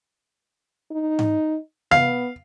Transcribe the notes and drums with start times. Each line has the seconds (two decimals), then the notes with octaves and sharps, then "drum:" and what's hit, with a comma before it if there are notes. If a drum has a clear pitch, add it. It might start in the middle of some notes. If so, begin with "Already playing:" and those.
0.92 D#4
1.19 drum: tom G#2
1.91 B3 F5, drum: tom C3